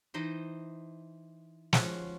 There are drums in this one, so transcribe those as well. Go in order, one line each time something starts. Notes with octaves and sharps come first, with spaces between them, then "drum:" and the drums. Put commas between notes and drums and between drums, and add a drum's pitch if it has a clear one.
E3 D#4 C5 D#5
F3 C#4 F#4, drum: snare